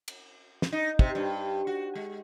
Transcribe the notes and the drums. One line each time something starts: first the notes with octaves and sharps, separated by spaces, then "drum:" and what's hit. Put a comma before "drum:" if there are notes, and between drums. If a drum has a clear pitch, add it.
drum: cymbal
drum: snare
D#4
C3, drum: kick
G2
F#4
G#3